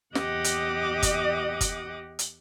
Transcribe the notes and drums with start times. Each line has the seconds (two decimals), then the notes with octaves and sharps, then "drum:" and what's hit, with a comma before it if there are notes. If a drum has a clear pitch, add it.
0.15 E2 G4 D#5 F#5 D6 D#6, drum: snare
0.44 drum: hi-hat
1.02 drum: kick F#1, hi-hat
1.61 drum: kick F#1, hi-hat
2.19 drum: hi-hat